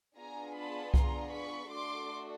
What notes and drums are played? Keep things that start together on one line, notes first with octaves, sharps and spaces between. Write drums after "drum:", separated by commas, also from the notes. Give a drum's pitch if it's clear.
B3 D4 F4 G#4 G#5 A#5
A5 B5
A#5 C6, drum: kick C2
B5 C#6
A3 D4 F#4 A4 C6 D6